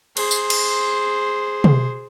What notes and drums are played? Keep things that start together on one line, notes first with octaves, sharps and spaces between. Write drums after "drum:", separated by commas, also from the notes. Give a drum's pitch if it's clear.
G#4 C5, drum: cymbal
drum: tambourine
drum: cymbal
drum: tom